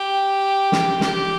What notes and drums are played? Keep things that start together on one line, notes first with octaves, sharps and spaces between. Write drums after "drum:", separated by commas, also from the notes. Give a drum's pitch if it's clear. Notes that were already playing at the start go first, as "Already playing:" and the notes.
Already playing: G4
drum: snare
G4, drum: snare